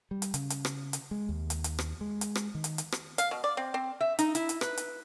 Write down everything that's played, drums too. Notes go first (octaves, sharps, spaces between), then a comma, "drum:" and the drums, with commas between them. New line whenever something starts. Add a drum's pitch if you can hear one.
G3
drum: hi-hat
C#3, drum: hi-hat
drum: hi-hat
drum: rim click
drum: hi-hat
G#3
D#2
drum: hi-hat
drum: hi-hat
drum: rim click
G#3
drum: hi-hat
drum: rim click
D#3
drum: hi-hat
drum: hi-hat
drum: rim click
F5, drum: hi-hat
B2
D5
C4
C4
E5
D#4, drum: hi-hat
E4, drum: hi-hat
drum: hi-hat
B4, drum: rim click
drum: hi-hat